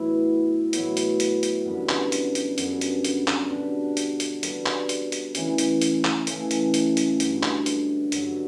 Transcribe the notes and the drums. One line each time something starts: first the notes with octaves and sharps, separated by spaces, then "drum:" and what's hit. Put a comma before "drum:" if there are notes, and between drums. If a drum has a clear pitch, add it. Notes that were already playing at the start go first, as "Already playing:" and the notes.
Already playing: A2 F#3 B3 E4
A2 F#3 B3 E4, drum: hi-hat
drum: hi-hat
drum: hi-hat
drum: hi-hat
F#2 D3 G3 B3
drum: clap
drum: hi-hat
drum: hi-hat
F#2 D3 G3 B3, drum: hi-hat
drum: hi-hat
drum: hi-hat
drum: clap
B2 G3 D4 G4
drum: hi-hat
drum: hi-hat
B2 G3 D4 G4, drum: hi-hat
drum: clap
drum: hi-hat
drum: hi-hat
C#3 E3 A3 C#4, drum: hi-hat
drum: hi-hat
drum: hi-hat
drum: clap
C#3 E3 A3 C#4, drum: hi-hat
drum: hi-hat
drum: hi-hat
drum: hi-hat
G2 D3 F#3, drum: hi-hat
drum: clap
drum: hi-hat
G2 D3 F#3, drum: hi-hat